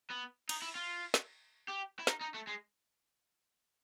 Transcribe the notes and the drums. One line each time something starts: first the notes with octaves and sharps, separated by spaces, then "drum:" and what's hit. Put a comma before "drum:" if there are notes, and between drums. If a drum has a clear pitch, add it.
B3
D#4, drum: cymbal
E4
F4
drum: snare
G4
E4
D#4, drum: snare
D#4
A3
G#3